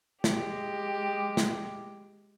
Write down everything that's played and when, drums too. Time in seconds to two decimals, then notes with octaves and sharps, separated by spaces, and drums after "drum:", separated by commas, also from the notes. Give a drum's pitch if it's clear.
0.24 G#3 G4, drum: snare
1.37 drum: snare